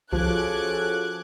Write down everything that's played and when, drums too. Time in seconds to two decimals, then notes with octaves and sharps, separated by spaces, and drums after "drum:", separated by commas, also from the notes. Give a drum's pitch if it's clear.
0.13 F3 C#4 F#4 G#4 A4 D6 F#6 G#6, drum: kick B1